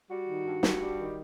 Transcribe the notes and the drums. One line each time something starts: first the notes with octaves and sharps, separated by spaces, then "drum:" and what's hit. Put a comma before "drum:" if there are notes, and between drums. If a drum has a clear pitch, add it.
G3 F#4
D#3
G2
G2, drum: snare
G3
D#3